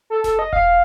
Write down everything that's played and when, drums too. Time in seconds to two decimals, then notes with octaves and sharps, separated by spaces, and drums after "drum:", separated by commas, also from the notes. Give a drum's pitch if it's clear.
0.10 A4
0.24 A4, drum: snare F1
0.39 D#5
0.53 F5, drum: kick E1